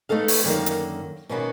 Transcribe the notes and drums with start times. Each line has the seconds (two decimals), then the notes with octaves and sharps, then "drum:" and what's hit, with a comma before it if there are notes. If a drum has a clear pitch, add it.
0.09 A3 B3 D#4 A4 F5
0.28 drum: open hi-hat
0.44 F#2 D3 D#3 A#3
0.66 drum: hi-hat
1.29 B2 D#3 A#3 B3 C#4 F#4